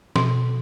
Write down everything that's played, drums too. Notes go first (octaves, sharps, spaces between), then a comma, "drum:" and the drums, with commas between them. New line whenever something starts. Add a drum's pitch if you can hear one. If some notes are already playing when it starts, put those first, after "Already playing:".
B2, drum: snare